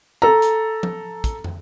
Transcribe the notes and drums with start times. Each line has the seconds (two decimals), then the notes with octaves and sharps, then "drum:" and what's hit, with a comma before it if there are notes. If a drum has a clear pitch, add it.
0.22 A4 A#5
0.42 drum: hi-hat
0.83 drum: tom F3
1.24 drum: kick, hi-hat
1.44 drum: tom